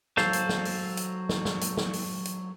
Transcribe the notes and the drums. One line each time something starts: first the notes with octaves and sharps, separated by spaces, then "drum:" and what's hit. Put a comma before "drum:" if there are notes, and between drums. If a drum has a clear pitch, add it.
F#3 A4 C5 F5, drum: snare
drum: hi-hat
drum: snare
drum: open hi-hat
drum: hi-hat
drum: snare
drum: snare
drum: hi-hat
drum: snare
drum: open hi-hat
drum: hi-hat